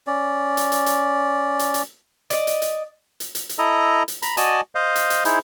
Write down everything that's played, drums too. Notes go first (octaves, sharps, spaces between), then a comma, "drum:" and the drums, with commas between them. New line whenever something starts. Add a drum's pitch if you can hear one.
C#4 D5
drum: hi-hat
drum: hi-hat
drum: hi-hat
drum: hi-hat
drum: hi-hat
D5 D#5, drum: hi-hat
drum: hi-hat
drum: hi-hat
drum: hi-hat
drum: hi-hat
drum: hi-hat
E4 A4 D#5 A#5
drum: hi-hat
A#5 B5, drum: hi-hat
F#4 D5 D#5 G#5 A5, drum: hi-hat
C5 D#5 F5
drum: hi-hat
drum: hi-hat
D#4 E4 G#4 C5, drum: hi-hat